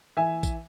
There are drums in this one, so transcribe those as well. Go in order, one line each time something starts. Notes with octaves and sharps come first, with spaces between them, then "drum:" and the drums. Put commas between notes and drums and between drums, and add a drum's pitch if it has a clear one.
E3 E5 G#5
drum: kick, tambourine